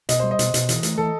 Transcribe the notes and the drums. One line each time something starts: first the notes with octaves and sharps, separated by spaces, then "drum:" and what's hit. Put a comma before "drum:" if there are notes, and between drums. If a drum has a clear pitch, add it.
B2 D#5, drum: hi-hat
G3 C5
D#5
B2, drum: hi-hat
B2, drum: hi-hat
E3, drum: hi-hat
A3, drum: hi-hat
E3 A4